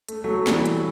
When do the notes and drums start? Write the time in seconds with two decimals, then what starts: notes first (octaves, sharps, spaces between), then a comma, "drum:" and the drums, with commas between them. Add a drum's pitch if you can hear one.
0.08 A3, drum: hi-hat
0.24 F#3 A3
0.39 A3
0.47 E3 G3, drum: snare
0.65 drum: hi-hat